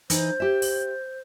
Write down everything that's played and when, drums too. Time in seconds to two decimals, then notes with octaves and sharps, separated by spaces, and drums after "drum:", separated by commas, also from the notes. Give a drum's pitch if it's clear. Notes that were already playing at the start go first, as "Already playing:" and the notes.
0.10 E3 D#4 C5, drum: hi-hat
0.40 G4 E5
0.62 drum: open hi-hat